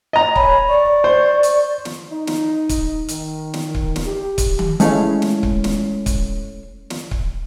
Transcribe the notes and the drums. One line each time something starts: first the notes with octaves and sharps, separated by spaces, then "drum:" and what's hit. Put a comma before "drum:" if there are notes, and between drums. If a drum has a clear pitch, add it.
D#5 A#5
C#5 G#5 B5, drum: kick C#1
D5 C#6
C5
drum: hi-hat
drum: snare
D#4
drum: snare
drum: kick C#1, hi-hat
D#3, drum: hi-hat
drum: snare
drum: kick C#1
drum: snare
G4
drum: kick C#1, hi-hat
drum: tom D#3
G#3 A3 C#4 E4 F5, drum: hi-hat
drum: snare
drum: kick C#1
drum: snare
drum: kick C#1, hi-hat
drum: snare
drum: kick C#1